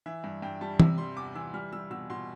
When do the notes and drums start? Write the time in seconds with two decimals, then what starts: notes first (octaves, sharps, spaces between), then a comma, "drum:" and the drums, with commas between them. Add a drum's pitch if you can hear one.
0.06 E3 E5
0.24 G2
0.42 G2 G5
0.61 G3 A5
0.80 C3 E6, drum: tom E3
0.98 G3 C6
1.16 E2 D6
1.35 E3 E6
1.54 G3 F6
1.73 G3 E6
1.91 B2 E6
2.10 B2 C6